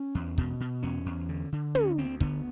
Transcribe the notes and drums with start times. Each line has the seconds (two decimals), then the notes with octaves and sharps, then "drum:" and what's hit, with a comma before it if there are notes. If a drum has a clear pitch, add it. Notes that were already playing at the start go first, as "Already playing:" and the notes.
Already playing: C#4
0.15 E2
0.38 B2, drum: kick
0.60 B2
0.83 E2 C#4
1.06 E2
1.29 D3
1.52 D3
1.75 D2 C#4, drum: tom
1.98 D2 C4
2.20 D3 B3, drum: kick